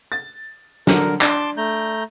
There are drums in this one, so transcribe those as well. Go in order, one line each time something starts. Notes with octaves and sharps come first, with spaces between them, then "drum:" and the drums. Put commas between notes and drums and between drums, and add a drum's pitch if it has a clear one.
A6
D3 F#3 D4 A#4, drum: snare
D4 A5 C6 D6, drum: clap
A3 A#5 G6